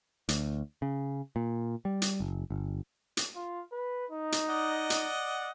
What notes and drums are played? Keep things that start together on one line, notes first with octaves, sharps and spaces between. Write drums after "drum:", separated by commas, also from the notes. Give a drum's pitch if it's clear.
D2, drum: hi-hat
C#3
A#2
G3
drum: hi-hat
F#1
G1
drum: hi-hat
F4
B4
D#4
drum: hi-hat
D5 D#5 F#5
drum: hi-hat